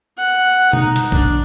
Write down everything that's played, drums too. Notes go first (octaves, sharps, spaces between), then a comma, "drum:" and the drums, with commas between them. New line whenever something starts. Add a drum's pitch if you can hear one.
F#5
D#4, drum: tom B2
drum: hi-hat
D4, drum: kick A#1